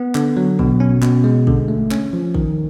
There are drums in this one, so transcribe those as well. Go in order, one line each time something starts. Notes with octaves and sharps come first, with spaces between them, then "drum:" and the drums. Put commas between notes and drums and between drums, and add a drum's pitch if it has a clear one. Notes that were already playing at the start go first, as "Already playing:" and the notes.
Already playing: B3
D3, drum: clap
F#3
B2, drum: kick
C#4
B2, drum: clap
G#3
D3, drum: kick
A3
C#4, drum: clap
F3
D#3, drum: kick